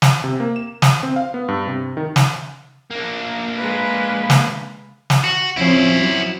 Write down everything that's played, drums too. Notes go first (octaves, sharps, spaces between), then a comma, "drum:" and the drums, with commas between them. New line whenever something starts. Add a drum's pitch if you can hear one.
drum: snare
C3
A#3
E7
D#6, drum: snare
C4
F5
B3
G2
C3
D#3
drum: snare
A#3 D4
G#3 B4
drum: snare
drum: snare
F#4
F3 C4 C#4 E4 C5
F#3